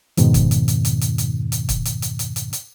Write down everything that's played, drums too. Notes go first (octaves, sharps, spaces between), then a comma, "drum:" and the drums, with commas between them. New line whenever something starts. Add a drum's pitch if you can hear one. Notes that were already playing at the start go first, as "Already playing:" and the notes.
F2 G#2 B2 D#3, drum: hi-hat
drum: kick, hi-hat
drum: hi-hat
drum: hi-hat
drum: hi-hat
drum: hi-hat
drum: hi-hat
drum: hi-hat
drum: kick, hi-hat
drum: hi-hat
drum: hi-hat
drum: hi-hat
drum: hi-hat
drum: hi-hat